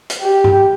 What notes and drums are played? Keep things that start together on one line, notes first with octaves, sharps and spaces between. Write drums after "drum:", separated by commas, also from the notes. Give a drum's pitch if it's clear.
drum: hi-hat
G4
drum: tom G2